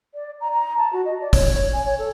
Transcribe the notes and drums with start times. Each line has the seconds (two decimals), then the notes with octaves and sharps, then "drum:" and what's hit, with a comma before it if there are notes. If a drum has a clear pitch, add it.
0.14 D5
0.41 A#5
0.52 A#5
0.78 A5
0.93 F#4
1.05 D#5
1.21 D5
1.33 C#5, drum: kick, open hi-hat
1.54 C#5
1.73 G#5
1.85 C#5
1.99 A4